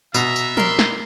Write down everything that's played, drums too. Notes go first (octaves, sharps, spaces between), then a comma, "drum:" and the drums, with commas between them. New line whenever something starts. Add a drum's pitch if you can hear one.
B2 E5 A#5, drum: tambourine
drum: tambourine
G3 A#4 C6, drum: tom F3
drum: snare